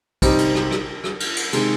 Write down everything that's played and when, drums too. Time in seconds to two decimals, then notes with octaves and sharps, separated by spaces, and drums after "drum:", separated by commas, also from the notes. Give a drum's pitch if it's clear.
0.22 C3 G3 C4 D#4, drum: kick B1, cymbal
0.38 drum: cymbal
0.55 drum: rim click
0.71 drum: rim click
1.04 drum: rim click
1.20 drum: cymbal
1.37 drum: cymbal
1.53 C3 D#3 G#3, drum: cymbal